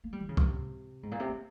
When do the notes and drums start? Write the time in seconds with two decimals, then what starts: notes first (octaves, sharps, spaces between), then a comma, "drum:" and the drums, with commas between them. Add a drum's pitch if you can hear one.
0.04 A#3
0.13 G3
0.20 E3
0.29 C#3
0.37 C3, drum: kick C2
1.03 G#2
1.12 A#2
1.20 C3
1.28 A#3